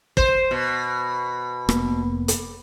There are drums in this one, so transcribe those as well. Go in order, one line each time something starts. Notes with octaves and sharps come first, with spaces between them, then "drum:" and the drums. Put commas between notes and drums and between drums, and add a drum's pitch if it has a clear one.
C5, drum: kick
B2
F1 A#3 B3, drum: rim click
drum: hi-hat